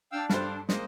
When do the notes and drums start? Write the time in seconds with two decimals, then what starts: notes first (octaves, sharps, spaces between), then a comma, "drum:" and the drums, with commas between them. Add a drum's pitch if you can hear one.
0.12 D4 F5 G5 E6
0.30 G2 A4 C5 F5, drum: snare
0.69 G#3 A#3 C5 D#5, drum: snare